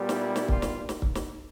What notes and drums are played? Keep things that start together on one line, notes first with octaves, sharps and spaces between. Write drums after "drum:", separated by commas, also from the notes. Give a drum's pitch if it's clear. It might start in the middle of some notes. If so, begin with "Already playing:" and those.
Already playing: A#2 G3 B3
E4, drum: snare
drum: snare
F4, drum: kick C#1
drum: snare
drum: snare
drum: kick C#1
drum: snare